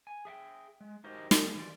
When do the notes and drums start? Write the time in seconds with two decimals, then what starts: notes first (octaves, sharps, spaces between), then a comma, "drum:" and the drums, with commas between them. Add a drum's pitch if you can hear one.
0.07 G#5
0.25 G#4 E5 F#5 G5
0.81 G#3
1.04 D#4 F#4 G4 A#4 C5 D#5
1.31 A3 D4 G#4, drum: snare
1.55 D#3 E3 F4 G4 D5